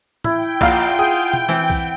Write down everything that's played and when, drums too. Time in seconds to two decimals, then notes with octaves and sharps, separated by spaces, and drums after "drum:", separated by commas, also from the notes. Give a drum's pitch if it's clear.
0.24 E4 G5, drum: tom A2
0.61 A#1 F4 F5 F#5, drum: kick B1
0.99 G#4
1.33 drum: tom
1.49 E3 C4
1.70 drum: kick B1